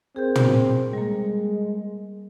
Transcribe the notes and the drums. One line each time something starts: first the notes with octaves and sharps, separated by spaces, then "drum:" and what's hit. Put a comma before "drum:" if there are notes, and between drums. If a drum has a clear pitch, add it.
C4 G#4 A#4 G6
drum: tom
G3 G#3 A#3